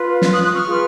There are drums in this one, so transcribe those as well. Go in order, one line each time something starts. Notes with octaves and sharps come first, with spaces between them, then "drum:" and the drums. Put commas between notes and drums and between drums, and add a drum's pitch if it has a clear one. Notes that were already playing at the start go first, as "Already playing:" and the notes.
Already playing: F4 B4
drum: snare
D#6 F#6
D#6 F#6
C#6 F6
F4 G#4 B4